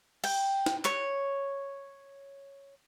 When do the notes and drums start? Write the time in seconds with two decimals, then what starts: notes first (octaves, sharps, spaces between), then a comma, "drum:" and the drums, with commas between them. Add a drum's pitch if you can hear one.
0.24 G5, drum: cymbal
0.66 drum: snare
0.85 C#5, drum: clap